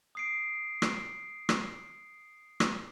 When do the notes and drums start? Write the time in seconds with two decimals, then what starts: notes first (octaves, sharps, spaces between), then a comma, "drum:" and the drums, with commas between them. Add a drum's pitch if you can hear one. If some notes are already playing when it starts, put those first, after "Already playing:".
0.15 D#6 C7 D7
0.82 drum: rim click
1.49 drum: rim click
2.60 drum: rim click